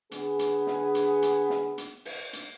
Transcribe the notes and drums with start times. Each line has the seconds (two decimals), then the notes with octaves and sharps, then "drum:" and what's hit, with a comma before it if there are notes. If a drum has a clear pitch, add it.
0.11 D3 B3 G#4, drum: hi-hat
0.39 drum: hi-hat
0.67 drum: snare
0.95 drum: hi-hat
1.22 drum: hi-hat
1.50 drum: snare
1.78 drum: hi-hat
2.05 drum: open hi-hat
2.33 drum: hi-hat